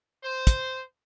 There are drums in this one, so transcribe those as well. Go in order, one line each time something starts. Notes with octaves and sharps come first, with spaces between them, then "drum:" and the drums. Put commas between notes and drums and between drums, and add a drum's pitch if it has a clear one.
C5
drum: kick, hi-hat